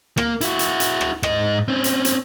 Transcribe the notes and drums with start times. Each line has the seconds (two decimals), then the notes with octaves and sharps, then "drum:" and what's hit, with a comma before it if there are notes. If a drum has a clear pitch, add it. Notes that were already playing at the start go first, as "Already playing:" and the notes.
0.17 A#3, drum: rim click
0.41 E4 F#4, drum: hi-hat
0.59 drum: hi-hat
0.80 drum: hi-hat
1.01 drum: rim click
1.23 G#2 D#5, drum: rim click
1.68 C4 C#4
1.84 drum: hi-hat
2.05 drum: hi-hat